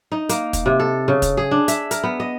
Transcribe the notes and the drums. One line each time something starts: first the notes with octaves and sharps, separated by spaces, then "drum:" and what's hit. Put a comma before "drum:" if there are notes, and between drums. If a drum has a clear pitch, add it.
D#4
A#3, drum: hi-hat
drum: kick, hi-hat
C3
A4
C#3
drum: kick, hi-hat
G#4
D4
E5, drum: hi-hat
A#4, drum: hi-hat
B3
D#5